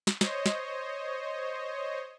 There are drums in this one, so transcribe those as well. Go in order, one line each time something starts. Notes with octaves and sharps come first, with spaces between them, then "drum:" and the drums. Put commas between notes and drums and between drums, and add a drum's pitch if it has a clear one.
drum: snare
C5 C#5 D#5, drum: snare
drum: snare